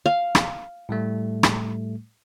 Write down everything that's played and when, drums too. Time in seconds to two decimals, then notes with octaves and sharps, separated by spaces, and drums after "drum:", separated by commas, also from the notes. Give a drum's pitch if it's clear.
0.06 F5
0.35 drum: rim click
0.89 A2 G3 A3
1.43 drum: rim click